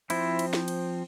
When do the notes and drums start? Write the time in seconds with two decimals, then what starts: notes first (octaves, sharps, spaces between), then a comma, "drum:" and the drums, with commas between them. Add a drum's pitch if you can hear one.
0.10 F3 C4 E4, drum: cymbal
0.39 drum: cymbal
0.53 drum: snare
0.68 drum: cymbal